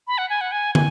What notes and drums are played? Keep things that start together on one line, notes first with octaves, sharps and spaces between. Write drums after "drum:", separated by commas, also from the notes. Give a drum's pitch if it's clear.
B5
F#5
G#5
F#5
G#5
G#5, drum: tom